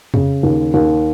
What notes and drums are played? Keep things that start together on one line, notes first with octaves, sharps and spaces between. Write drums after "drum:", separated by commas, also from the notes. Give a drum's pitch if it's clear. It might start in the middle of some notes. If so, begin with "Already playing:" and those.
C#3, drum: tom F2
D#2
D#2